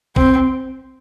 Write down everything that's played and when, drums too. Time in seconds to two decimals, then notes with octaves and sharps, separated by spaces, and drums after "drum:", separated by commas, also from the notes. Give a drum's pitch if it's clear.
0.16 C4, drum: kick